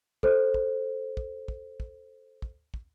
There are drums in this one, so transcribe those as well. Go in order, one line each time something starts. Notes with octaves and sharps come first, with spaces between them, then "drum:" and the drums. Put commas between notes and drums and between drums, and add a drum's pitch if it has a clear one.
A4 C5, drum: kick
drum: kick
drum: kick
drum: kick
drum: kick
drum: kick
drum: kick